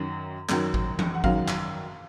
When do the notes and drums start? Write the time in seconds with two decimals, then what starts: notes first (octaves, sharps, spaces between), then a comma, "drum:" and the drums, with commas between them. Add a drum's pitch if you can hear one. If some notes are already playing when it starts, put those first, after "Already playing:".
Already playing: F#2 D#3 F#3
0.49 F#2 D#3 F#3, drum: clap
0.74 drum: kick A1
0.99 drum: tom E3
1.14 F#5
1.24 F#2 D#3 F#3 F5, drum: kick A1
1.48 drum: clap